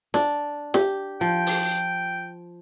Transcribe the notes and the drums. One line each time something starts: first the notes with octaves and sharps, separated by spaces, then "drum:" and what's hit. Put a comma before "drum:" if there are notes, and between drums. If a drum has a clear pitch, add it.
D4, drum: snare
G4, drum: snare
F3 G5
drum: open hi-hat